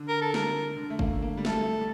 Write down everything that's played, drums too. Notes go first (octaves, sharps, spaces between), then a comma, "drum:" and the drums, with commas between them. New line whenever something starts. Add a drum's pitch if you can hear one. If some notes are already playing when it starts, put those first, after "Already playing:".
Already playing: D3
A#4
A4
A#4, drum: snare
D3
A3
A#3, drum: kick
A#3
G3
A3 A4, drum: snare
A3
G3